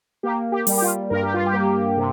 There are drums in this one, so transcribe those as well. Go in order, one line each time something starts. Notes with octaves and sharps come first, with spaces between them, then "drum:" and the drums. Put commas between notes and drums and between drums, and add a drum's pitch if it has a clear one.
A#3 G4
G4
G3, drum: open hi-hat
G4
F4
G2 A#4
G4
F4
G4
A#3
C3